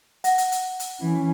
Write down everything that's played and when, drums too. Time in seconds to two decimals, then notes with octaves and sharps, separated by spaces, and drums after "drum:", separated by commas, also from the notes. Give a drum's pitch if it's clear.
0.24 F#5 A#6, drum: hi-hat
0.38 drum: hi-hat
0.52 drum: hi-hat
0.80 drum: hi-hat
1.00 E3 C#4